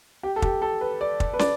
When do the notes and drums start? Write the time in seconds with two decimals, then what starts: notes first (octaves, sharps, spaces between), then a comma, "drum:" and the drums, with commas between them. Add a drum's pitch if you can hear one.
0.23 G4
0.36 A4
0.42 G4, drum: kick
0.62 A4
0.81 B4
1.01 D5
1.20 drum: kick
1.34 B4
1.39 D5, drum: snare